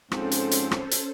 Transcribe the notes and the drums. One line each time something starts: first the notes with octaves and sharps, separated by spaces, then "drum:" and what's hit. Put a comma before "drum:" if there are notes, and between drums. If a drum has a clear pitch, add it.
G#2 F3 C4 C#4 A4 C5, drum: rim click
drum: hi-hat
drum: hi-hat
drum: rim click
drum: hi-hat